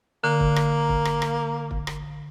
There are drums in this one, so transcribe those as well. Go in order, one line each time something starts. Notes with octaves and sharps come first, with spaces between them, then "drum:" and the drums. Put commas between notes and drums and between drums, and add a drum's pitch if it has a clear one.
D3 A#3
drum: kick
drum: rim click
drum: kick
drum: rim click
drum: rim click
drum: kick
drum: rim click